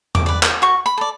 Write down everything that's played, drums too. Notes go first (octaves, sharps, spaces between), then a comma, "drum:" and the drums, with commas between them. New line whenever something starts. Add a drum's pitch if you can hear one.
D6, drum: tom E2
B4 D5
drum: clap
F#4 C#6
B5
A4 D5